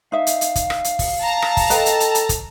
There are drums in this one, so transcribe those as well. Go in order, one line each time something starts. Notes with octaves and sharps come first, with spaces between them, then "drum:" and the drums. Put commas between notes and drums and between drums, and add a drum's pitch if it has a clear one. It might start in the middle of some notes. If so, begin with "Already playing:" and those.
D#4 E5 F5
drum: hi-hat
drum: hi-hat
drum: kick, hi-hat
drum: rim click
drum: hi-hat
drum: kick, open hi-hat
A5 A#5
drum: rim click
drum: kick, open hi-hat
A4 B4 D#5 G5, drum: hi-hat
drum: hi-hat
drum: hi-hat
drum: hi-hat
drum: kick, hi-hat